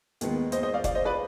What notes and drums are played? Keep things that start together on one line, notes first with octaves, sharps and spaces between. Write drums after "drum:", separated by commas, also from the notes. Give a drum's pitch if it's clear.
D#2 D#3 G#3 B3, drum: hi-hat
C5 D#5, drum: hi-hat
C5 D#5
D5 F5
D5 F5, drum: kick F#1, hi-hat
C5 D#5
B4 D5